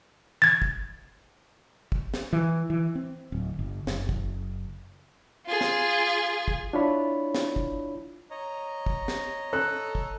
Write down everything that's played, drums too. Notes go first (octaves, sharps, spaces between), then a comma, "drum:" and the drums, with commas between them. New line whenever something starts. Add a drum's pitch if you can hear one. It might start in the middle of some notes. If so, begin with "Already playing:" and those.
G#6 A6
drum: kick
drum: kick
drum: snare
E3
E3
C4
D1
G1
F#1, drum: snare
drum: kick
F4 G#4
drum: snare
drum: kick
D4 E4 F4 C#5 B5
drum: snare
drum: kick
C#5 D#5 A#5
drum: kick
drum: snare
A4 F#6
drum: kick